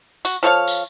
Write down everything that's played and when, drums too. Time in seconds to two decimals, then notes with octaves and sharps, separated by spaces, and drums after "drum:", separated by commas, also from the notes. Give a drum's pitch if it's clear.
0.25 F#4, drum: tambourine
0.43 F3 A4 C#5 F5
0.68 drum: tambourine